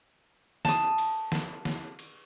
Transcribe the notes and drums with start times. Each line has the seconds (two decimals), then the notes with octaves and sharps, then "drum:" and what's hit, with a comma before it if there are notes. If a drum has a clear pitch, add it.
0.65 A5 D#6, drum: snare
0.98 drum: cymbal
1.32 drum: snare
1.65 drum: snare
1.99 drum: cymbal